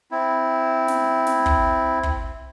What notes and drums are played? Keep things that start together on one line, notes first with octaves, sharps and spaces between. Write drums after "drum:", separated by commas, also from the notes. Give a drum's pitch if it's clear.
C4 E4
drum: snare
drum: snare
drum: kick
drum: kick